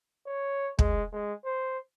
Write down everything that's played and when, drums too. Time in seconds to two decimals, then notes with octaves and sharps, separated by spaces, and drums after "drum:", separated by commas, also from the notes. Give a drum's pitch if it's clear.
0.27 C#5
0.79 G#3, drum: kick
1.13 G#3
1.45 C5